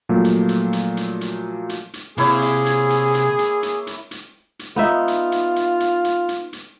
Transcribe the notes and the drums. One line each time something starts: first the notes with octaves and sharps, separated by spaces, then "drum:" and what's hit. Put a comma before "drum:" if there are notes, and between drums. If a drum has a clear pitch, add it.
A#2 F3 F#3 A3 A#3
drum: hi-hat
drum: hi-hat
drum: hi-hat
drum: hi-hat
drum: hi-hat
drum: hi-hat
drum: hi-hat
C3 A#3 E4 G#4 C#5, drum: hi-hat
drum: hi-hat
drum: hi-hat
drum: hi-hat
drum: hi-hat
drum: hi-hat
drum: hi-hat
drum: hi-hat
drum: hi-hat
drum: hi-hat
B3 D#4 F4 E5
drum: hi-hat
drum: hi-hat
drum: hi-hat
drum: hi-hat
drum: hi-hat
drum: hi-hat
drum: hi-hat